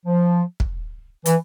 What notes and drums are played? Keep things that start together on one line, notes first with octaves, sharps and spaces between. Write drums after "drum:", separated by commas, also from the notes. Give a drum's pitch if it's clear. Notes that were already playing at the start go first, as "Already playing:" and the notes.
F3
drum: kick
E3, drum: hi-hat